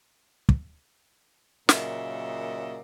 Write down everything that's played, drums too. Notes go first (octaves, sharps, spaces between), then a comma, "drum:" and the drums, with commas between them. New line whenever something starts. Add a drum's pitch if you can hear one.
drum: kick
A#2 C#3 F#3 A#3 D#5 E5, drum: snare